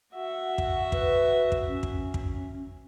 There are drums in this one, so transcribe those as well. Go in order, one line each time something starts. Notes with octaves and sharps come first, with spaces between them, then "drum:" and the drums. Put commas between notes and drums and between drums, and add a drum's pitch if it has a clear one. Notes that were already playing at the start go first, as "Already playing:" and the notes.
F#4 E5 F#5
drum: kick
B4, drum: kick
drum: kick
C#4
drum: kick
drum: kick